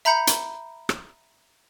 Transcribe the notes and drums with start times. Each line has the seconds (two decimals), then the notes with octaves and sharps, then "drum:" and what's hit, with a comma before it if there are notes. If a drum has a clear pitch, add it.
0.05 E5 A#5 B5 G6 C#7
0.27 drum: hi-hat
0.89 drum: rim click